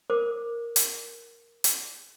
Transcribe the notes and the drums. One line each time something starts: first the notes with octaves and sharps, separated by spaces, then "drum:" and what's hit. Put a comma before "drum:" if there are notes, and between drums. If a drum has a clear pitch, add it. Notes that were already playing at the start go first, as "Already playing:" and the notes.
A#4 C5 D6
drum: hi-hat
drum: hi-hat